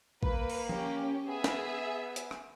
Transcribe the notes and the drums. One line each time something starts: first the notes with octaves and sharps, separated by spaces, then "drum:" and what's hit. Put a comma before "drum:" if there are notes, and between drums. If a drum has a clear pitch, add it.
A#3 B4, drum: kick A1
drum: cymbal
C#4 G4, drum: tom F3
B3 G#4 E5
drum: snare
drum: hi-hat
drum: rim click